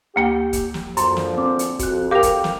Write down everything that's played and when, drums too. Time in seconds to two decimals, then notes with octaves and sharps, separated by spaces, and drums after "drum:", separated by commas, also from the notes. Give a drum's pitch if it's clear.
0.16 D2 A#3 G4 G5
0.53 drum: kick, hi-hat
0.74 drum: snare
0.97 F#2 A#2 D3 F3 C6, drum: hi-hat
1.17 drum: snare
1.38 C4 D6
1.59 drum: hi-hat
1.79 F2 F#4 F#6, drum: kick, hi-hat
2.11 G4 A#4 F5 G5 D6 F7
2.23 drum: kick, hi-hat
2.44 drum: snare